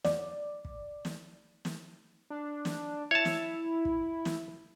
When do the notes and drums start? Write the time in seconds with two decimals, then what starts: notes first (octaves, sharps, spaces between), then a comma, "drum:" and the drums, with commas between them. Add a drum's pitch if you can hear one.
0.04 D5, drum: snare
0.65 drum: kick
1.05 drum: snare
1.65 drum: snare
2.30 D4
2.65 drum: snare
3.11 E4 C#5 A5
3.25 drum: snare
3.85 drum: kick
4.25 drum: snare